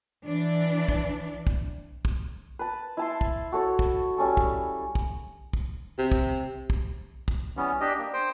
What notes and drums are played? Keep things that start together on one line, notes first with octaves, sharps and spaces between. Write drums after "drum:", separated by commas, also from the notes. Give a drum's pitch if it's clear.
E3 D4
drum: kick
drum: kick
drum: kick
B4 A5
E4 A5 C6
drum: kick
F#4 A4 C#5
drum: kick
G3 C#4 A4 C#6
drum: kick
drum: kick
drum: kick
C3
drum: kick
drum: kick
drum: kick
E3 G3 B3 C#4
D4 G4 D#5
A#3
C5 G5